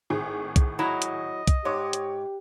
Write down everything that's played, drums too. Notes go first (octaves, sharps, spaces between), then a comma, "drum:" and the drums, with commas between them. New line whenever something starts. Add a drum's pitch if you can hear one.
G#1 A2 G#4
drum: kick B1, hi-hat
F#3 E4 D#5 A#5
drum: hi-hat
drum: kick B1, hi-hat
G#2 G4 C#5 D6
drum: hi-hat